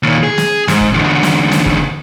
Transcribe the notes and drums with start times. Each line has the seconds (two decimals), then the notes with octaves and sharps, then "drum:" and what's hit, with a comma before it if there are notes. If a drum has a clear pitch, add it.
0.03 D#2 A#2
0.24 G#4
0.38 drum: snare
0.68 G#2, drum: snare
0.80 drum: kick
0.94 E2 D3
1.23 drum: snare
1.52 drum: snare
1.66 drum: kick